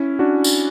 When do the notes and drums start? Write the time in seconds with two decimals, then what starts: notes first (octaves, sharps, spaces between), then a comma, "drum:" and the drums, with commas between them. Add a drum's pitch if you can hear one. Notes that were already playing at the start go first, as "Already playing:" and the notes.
Already playing: C#4 E4
0.19 D4 F#4
0.44 drum: tambourine